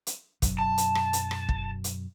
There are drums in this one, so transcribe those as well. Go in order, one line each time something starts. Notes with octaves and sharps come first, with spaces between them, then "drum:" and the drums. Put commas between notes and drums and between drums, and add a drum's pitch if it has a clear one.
drum: hi-hat
F#2 B2 F#3, drum: kick, hi-hat
A5
drum: hi-hat
drum: rim click
drum: hi-hat
drum: rim click
drum: kick
drum: hi-hat